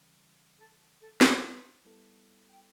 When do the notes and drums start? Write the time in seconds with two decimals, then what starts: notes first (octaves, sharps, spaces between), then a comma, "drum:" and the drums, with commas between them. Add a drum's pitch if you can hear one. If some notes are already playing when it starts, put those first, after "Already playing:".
Already playing: C#3 E3 G3 C#4
0.58 A4
1.00 A4
1.21 B4, drum: snare
1.85 G3 B3 E4 A4
2.49 G5